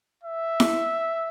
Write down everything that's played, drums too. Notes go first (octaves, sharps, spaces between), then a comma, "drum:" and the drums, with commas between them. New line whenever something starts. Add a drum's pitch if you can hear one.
E5
drum: snare E4